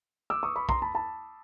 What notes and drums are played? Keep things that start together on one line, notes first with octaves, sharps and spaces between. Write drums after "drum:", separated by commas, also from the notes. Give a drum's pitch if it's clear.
D6 E6
C#6 D#6
B5 C#6
A#5 C6, drum: kick
A5 B5
A5 B5